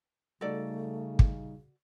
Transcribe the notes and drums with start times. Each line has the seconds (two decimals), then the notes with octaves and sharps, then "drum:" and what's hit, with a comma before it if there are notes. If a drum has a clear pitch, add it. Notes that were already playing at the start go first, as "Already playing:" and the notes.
0.41 C#3 G3 A3 D#4 F#4 A4 D5
1.19 drum: kick